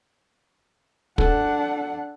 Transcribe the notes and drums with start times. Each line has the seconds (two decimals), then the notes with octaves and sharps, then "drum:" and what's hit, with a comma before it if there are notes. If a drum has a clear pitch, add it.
1.18 D4 A4 F#5, drum: kick